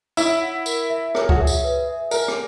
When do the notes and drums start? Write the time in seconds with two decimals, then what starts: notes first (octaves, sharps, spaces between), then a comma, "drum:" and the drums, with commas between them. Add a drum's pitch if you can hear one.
0.17 E4 C#5, drum: tambourine
0.42 F#5
0.66 A#4, drum: tambourine
0.90 E5
1.15 A#4 C#5, drum: rim click
1.22 G#4
1.29 F#4, drum: kick C#2
1.36 G#4 E5
1.47 drum: tambourine
1.64 B4
1.88 E5
2.11 A#4 G#5, drum: tambourine
2.28 drum: rim click